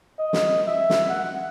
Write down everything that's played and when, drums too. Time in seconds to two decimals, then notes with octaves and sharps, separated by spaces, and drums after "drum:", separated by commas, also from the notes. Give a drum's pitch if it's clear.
0.19 D#5
0.33 drum: snare
0.67 E5
0.90 drum: snare
1.09 F#5